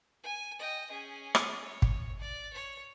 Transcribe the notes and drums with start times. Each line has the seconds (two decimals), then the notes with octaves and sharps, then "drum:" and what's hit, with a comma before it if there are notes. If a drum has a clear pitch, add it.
0.24 G#5
0.59 D#5 G5
0.91 C#4 G#4
1.35 drum: rim click
1.64 C#5
1.82 drum: kick
2.19 D5
2.53 C#5